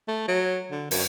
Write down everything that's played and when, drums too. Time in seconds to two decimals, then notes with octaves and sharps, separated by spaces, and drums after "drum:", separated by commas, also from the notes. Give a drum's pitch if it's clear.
0.08 A3
0.28 F#3
0.71 D3
0.91 F#2, drum: open hi-hat